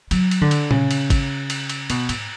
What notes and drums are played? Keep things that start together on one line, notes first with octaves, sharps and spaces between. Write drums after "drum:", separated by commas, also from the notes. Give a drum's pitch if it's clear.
F#3, drum: cymbal
drum: cymbal
D3
drum: cymbal
C#3, drum: tom A#2
drum: cymbal
drum: kick, cymbal
drum: cymbal
drum: cymbal
B2, drum: cymbal
G#2, drum: cymbal